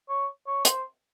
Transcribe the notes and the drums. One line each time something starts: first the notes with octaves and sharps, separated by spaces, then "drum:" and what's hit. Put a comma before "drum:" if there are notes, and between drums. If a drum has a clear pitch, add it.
C#5
C#5
C5, drum: hi-hat